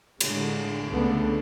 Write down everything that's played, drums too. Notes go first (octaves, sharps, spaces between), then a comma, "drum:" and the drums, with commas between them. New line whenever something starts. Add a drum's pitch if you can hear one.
A2 D3 G#3, drum: cymbal
C#2 D3 A3 B3